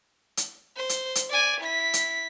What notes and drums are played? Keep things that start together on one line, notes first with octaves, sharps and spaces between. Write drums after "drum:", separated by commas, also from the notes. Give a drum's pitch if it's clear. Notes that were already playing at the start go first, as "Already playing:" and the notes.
drum: hi-hat
C5
drum: hi-hat
drum: hi-hat
D5 G#5
E4 B6
drum: hi-hat